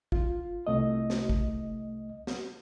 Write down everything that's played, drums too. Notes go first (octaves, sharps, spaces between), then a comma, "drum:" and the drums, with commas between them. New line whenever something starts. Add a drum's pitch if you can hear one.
F4, drum: kick
C2 A3 D#5
drum: snare
drum: kick
drum: snare